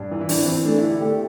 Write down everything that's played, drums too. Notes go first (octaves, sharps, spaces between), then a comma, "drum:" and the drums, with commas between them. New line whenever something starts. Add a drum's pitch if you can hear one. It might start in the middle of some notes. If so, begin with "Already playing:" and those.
Already playing: G2
E3
E4
E3 D4, drum: open hi-hat
C4
E3
A3 D4
E4
D3
G4
A3 G4